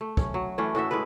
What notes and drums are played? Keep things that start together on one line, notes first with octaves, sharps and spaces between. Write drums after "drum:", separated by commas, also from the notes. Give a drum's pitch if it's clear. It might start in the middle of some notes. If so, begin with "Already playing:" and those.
A3
C#4, drum: kick
F#3
E3 A3 C#4 D4
A2 F#4 A4 E5
A2 G#3 B4